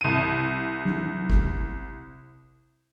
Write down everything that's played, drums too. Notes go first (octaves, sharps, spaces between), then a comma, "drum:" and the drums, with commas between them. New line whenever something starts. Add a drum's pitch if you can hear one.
C2 D#7
drum: tom F#3
drum: kick G#1